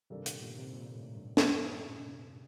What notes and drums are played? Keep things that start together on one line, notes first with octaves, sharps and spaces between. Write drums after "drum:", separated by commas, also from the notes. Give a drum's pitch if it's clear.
G2 C3 D#3 G3 D4 A4
A#2, drum: hi-hat
A#2
C3
A#2
A2
G2
F#2, drum: snare
A2
A#2
C3